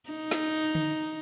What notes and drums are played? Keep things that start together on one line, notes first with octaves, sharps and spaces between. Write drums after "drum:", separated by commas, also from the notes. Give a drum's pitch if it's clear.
D#4
drum: snare
drum: tom D3